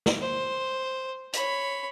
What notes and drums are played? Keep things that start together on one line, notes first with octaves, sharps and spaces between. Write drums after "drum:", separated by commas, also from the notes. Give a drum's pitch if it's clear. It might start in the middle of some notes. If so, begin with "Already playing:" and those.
drum: snare
C5
C#5 B5, drum: hi-hat